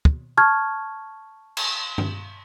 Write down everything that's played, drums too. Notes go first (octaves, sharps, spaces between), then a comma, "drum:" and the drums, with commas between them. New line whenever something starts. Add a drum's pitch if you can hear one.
drum: kick
A5 C#6 F6 G#6
drum: cymbal
drum: tom G2